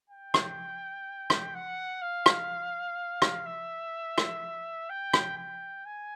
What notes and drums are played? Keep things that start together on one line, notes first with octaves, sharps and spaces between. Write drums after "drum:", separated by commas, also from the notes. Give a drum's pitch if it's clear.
G5
drum: rim click
drum: rim click
F#5
F5
drum: rim click
drum: rim click
E5
drum: rim click
G5
drum: rim click
G5
G#5